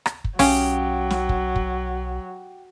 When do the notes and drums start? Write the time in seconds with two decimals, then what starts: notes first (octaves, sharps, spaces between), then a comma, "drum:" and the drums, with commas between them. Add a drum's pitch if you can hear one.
0.06 drum: rim click
0.24 drum: kick
0.39 B1 F#3 C#4 G4 F5 D#6, drum: open hi-hat
1.10 drum: snare
1.29 drum: kick
1.56 drum: kick